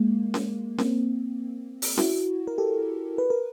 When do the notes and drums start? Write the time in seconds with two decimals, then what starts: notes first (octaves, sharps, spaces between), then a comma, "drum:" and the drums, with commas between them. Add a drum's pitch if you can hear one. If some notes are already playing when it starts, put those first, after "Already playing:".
Already playing: G#3 A#3
0.34 drum: snare C#4
0.78 A#3 C4, drum: snare C#4
1.82 drum: open hi-hat
1.98 E4 F#4, drum: snare C#4
2.47 A#4
2.58 G4 A4
3.18 B4
3.30 A#4